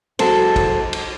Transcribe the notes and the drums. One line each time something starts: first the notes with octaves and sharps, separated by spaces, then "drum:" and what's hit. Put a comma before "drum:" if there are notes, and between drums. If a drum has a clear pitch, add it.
F#3 G#3 A4 C5, drum: cymbal
drum: kick, cymbal
drum: cymbal